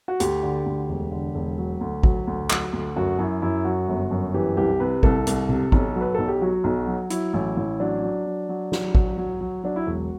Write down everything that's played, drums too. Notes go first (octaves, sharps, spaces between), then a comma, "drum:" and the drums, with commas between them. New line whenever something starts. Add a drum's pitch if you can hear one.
F#4
D2 G4, drum: hi-hat
D3
D2
E1
D3
E1
F#3
D2
F#3, drum: kick
D2
F#3, drum: clap
D2
F#2 F#4
F#2 E4
F#2 E4
F#3 F#4
G1
F#2
E3 G4
C2 G4
C3 B4
C2 A4, drum: kick
C2, drum: hi-hat
C3, drum: tom B2
B1, drum: kick
F#3
B4
B1 A4
G4
F#3 F#4
B1
F#3
F#3 E4, drum: hi-hat
A1
A1
F#3 D4
F#3
F#3
F#3
F#3, drum: snare
F#3, drum: kick
F#3
F#3
F#3 D4
E4
E1 F#4